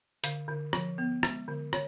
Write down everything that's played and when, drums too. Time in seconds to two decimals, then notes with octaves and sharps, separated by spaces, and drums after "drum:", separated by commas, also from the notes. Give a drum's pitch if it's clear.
0.24 D3 F5, drum: hi-hat
0.48 D3
0.73 F3, drum: rim click
0.98 B3
1.23 G#3, drum: rim click
1.48 D3
1.73 C#5, drum: rim click